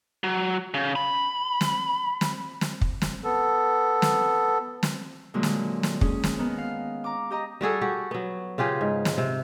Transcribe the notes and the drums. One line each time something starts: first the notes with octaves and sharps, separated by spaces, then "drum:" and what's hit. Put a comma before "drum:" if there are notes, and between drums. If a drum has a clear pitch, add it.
F#3
C#3
B5
drum: snare
drum: snare
drum: snare
drum: kick
drum: snare
B3 A4
drum: snare
drum: snare
A#2 D3 F#3 G#3
drum: snare
drum: snare
C#4 G#4, drum: kick
drum: snare
D#3 B3 D#4
F5
A#5 D6
G4 D#5 A#5
G3 F#4 G#4 A4
F#4 G4
F#3 B3
C#3 F4 G4 G#4
G#2
drum: snare
C3